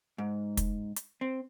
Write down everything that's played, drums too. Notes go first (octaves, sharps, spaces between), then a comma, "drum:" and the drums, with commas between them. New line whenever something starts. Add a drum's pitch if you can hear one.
G#2
drum: kick, hi-hat
drum: hi-hat
C4